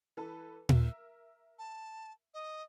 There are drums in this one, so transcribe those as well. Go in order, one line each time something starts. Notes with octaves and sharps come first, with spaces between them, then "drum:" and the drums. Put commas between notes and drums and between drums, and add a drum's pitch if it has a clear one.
E3 A4 B4
A#4 E5 E6, drum: tom A#2
A5
D#5